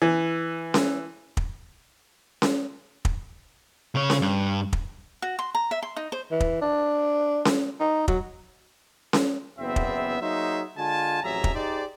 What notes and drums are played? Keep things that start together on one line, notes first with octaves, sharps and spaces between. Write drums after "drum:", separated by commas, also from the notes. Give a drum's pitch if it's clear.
E3
drum: snare C#4
drum: kick
drum: snare C#4
drum: kick
C#3 C#5
drum: snare C#4
G2
drum: kick
F#4
C6
A#5
E5
C6
D#4
C5
E3
drum: kick
D4
drum: snare C#4
D#4
F#3, drum: kick
drum: snare C#4
F#1 E2 B3 C4 E5
drum: kick
F#3 A#3 D#4 G#4 C5 E5
D3 G#3 F4 G#5 A5
A1 F2 F#3 G#4 E5 A#5
drum: kick
D#4 G4 G#4 C5 D5